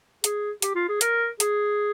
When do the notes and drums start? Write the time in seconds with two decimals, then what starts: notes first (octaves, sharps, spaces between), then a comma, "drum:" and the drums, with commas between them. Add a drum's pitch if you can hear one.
0.24 G#4, drum: hi-hat
0.62 G4, drum: hi-hat
0.75 F4
0.89 G#4
1.01 A#4, drum: hi-hat
1.40 G#4, drum: hi-hat